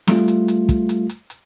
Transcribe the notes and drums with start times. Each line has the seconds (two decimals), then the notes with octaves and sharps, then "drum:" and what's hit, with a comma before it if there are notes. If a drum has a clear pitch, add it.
0.07 G3 A3 F4, drum: snare
0.28 drum: hi-hat
0.48 drum: hi-hat
0.69 drum: kick, hi-hat
0.89 drum: hi-hat
1.09 drum: hi-hat
1.30 drum: hi-hat